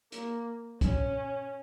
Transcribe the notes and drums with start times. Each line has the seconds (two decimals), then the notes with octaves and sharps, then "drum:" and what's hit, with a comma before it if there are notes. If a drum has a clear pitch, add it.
0.12 A#3, drum: hi-hat
0.81 C#4, drum: kick, hi-hat